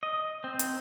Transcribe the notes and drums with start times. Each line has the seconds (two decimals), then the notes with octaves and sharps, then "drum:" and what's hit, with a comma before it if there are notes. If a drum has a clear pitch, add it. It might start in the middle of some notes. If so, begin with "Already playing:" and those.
0.03 D#5
0.44 C4
0.59 drum: hi-hat